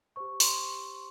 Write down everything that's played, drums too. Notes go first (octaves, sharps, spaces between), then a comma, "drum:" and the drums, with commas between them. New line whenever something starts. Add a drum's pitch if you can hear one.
G4 C5 C#6
C6, drum: open hi-hat